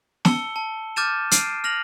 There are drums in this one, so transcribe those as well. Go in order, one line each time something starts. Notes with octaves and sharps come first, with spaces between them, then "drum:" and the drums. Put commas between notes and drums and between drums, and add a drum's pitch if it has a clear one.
A5 E6 C#7 G7, drum: snare
A5
D6 F6 G6 A6 D#7 E7
F6 C7 D7 D#7, drum: hi-hat
F6 A#6 F7 F#7